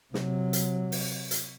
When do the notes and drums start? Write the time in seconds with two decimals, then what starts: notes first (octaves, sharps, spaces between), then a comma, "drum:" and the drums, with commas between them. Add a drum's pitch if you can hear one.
0.14 C3 F#3, drum: snare
0.53 drum: hi-hat
0.92 drum: open hi-hat
1.31 drum: hi-hat